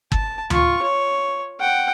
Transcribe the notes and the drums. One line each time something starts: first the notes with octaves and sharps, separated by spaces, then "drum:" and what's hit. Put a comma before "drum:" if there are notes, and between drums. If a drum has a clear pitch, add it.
A5, drum: kick
F4 C#6, drum: tom D2
C#5
F#5 G5